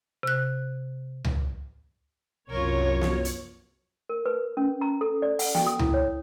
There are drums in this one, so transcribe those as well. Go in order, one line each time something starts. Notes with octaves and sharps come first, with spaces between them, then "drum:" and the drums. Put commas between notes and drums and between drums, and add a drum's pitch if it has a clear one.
C3 F#6
drum: tom C#2
C2 F#2 F4 A#4 C#5
drum: snare
drum: hi-hat
A#4
B4
C#4
A#5
A4
D5
F#5, drum: open hi-hat
G5, drum: snare
D#6
E4, drum: tom C#2
C#5